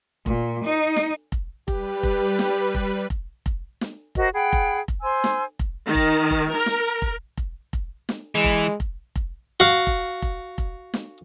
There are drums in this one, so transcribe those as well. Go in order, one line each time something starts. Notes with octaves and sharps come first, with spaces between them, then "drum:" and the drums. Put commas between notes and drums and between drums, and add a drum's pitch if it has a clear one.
A#2, drum: kick F1
D#4
drum: snare
drum: kick F1
G3 G4 B4, drum: kick F1
drum: kick F1
drum: snare
drum: kick F1
drum: kick F1
drum: kick F1
drum: snare
F#4 A#4 C5 D#5, drum: kick F1
G#4 F#5 G5 B5
drum: kick F1
drum: kick F1
C5 G#5 C6 E6
drum: snare
drum: kick F1
D#3
drum: kick F1
drum: kick F1
A#4
drum: snare
drum: kick F1
drum: kick F1
drum: kick F1
drum: snare
E3 G#3
drum: kick F1
drum: kick F1
drum: kick F1
F#4 F5
drum: kick F1
drum: kick F1
drum: kick F1
drum: snare